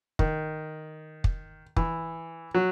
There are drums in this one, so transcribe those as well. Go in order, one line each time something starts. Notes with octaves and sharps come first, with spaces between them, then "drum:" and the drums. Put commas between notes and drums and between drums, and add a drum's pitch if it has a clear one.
D#3, drum: kick
drum: kick
E3, drum: kick
F#3